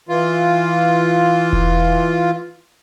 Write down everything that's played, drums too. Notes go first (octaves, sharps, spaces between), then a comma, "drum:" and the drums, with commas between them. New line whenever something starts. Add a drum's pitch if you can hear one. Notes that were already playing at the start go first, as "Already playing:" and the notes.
E3 F4
drum: kick E1